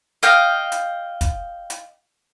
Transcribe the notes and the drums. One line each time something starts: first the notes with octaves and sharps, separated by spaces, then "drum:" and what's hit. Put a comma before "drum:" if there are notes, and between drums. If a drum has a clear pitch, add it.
D#5 F5 G5, drum: hi-hat
drum: hi-hat
drum: kick, hi-hat
drum: hi-hat